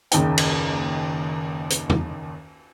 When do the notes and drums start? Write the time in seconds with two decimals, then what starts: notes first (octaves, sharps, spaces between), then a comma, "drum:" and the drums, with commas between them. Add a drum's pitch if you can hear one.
0.12 F#1 D#2 D#4 G5, drum: hi-hat
0.38 drum: cymbal
1.70 drum: hi-hat
1.90 drum: tom E2